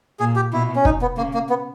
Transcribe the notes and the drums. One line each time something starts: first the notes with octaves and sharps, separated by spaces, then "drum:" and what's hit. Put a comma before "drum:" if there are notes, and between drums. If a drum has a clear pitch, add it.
A#2 G#4
G4
B2 E4
C#4
D#4, drum: kick
B3
C#3 A#3
A#3
B3